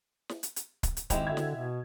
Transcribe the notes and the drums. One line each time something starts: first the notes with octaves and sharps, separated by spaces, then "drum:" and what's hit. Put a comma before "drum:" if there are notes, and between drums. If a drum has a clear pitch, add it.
drum: snare
drum: hi-hat
drum: hi-hat
drum: kick, hi-hat
drum: hi-hat
G#1 G#3 E4 G4 E7 F7, drum: kick, hi-hat
D3 F#4 E5 G#6
drum: snare
B2